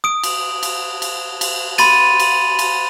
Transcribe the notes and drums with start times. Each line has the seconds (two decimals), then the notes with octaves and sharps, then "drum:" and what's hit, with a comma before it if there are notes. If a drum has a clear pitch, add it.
0.04 D#6 D7
0.23 drum: cymbal
0.63 drum: cymbal
1.02 drum: cymbal
1.41 drum: cymbal
1.78 B5 C6 A6 D#7, drum: cymbal
2.19 drum: cymbal
2.59 drum: cymbal